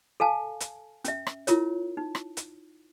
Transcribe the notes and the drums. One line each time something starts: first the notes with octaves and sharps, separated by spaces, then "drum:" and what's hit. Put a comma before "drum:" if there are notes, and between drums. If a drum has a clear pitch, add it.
A4 F5 G#5 A5
drum: hi-hat
C#4 E5, drum: hi-hat
drum: rim click
E4 F4 A#4 C#5, drum: hi-hat
D#4
drum: rim click
drum: hi-hat